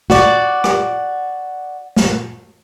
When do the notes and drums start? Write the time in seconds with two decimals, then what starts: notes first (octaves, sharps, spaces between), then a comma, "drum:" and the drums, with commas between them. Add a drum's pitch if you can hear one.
0.10 F#4 D5, drum: snare
0.64 drum: rim click
1.96 drum: snare